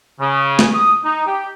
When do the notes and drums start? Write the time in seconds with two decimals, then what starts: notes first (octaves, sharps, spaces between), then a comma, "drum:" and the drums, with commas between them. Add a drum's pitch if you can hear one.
0.19 C#3
0.59 drum: snare A3
0.74 D#6
1.04 D#4
1.26 G4